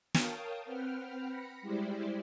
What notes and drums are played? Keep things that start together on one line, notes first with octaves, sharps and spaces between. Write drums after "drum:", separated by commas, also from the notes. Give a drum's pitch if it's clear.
A#4 C#5 F5 G5 A5 D#6, drum: snare
C4 B4 F#5 G5 F6
B5 A#6 C#7
G3 G#3 E4 G4 C5 D5